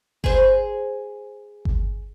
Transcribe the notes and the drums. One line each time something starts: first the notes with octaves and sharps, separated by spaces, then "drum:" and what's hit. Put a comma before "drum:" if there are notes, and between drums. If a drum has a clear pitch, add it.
G#4 C5, drum: kick G1
drum: kick G1